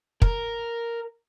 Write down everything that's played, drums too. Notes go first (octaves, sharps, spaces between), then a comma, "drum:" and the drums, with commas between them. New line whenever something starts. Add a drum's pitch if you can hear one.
A#4, drum: kick